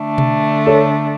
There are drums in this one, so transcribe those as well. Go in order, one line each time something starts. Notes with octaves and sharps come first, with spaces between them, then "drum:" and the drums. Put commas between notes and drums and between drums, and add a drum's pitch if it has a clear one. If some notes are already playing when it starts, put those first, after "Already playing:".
Already playing: D3 A3 D4
drum: tom B2
A4 C#5